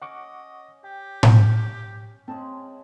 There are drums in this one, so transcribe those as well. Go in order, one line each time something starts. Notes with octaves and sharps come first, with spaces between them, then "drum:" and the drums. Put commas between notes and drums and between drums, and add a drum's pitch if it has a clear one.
C#4 D#5 F#5 C#6 D6
G4 G5
drum: tom A2
C#4
C#3 G#3 C4 A5